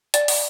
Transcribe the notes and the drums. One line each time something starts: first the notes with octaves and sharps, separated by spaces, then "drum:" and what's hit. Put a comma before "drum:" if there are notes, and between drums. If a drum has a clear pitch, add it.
D5, drum: hi-hat
drum: open hi-hat